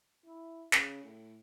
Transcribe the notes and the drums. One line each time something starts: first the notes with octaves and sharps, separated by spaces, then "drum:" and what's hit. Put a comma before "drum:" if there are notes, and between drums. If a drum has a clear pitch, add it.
E4
C#3, drum: snare
A2